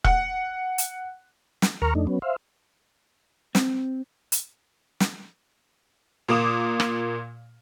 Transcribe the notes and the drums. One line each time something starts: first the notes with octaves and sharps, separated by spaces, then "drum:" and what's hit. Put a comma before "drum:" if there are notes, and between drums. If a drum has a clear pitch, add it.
F#5, drum: kick E1
drum: hi-hat
drum: snare
D#2 A#4 A#5 C#6 F6
F2 A3 D4 D#4
F#3 B3 C#4
C5 E5 F5
C4, drum: snare
drum: hi-hat
drum: snare
A#2 A#3 D6 D#6 E7
drum: rim click